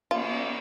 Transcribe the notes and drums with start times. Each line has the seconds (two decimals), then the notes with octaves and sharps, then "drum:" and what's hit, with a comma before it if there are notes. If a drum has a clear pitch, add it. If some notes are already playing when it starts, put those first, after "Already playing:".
0.11 F4, drum: cymbal